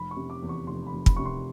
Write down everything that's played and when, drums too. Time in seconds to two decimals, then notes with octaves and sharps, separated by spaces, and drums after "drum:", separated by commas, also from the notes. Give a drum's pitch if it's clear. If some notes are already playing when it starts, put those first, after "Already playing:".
Already playing: F1 B5
0.11 C#6
0.16 C3
0.30 D6
0.43 E2
0.49 C#6
0.67 F1 C6
0.87 B5
0.93 F1
1.06 B5, drum: kick
1.17 C3 C#6
1.26 C6